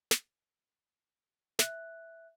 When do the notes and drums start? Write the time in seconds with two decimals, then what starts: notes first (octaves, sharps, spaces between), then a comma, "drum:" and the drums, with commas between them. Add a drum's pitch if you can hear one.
0.11 drum: snare
1.59 E5 F#6, drum: snare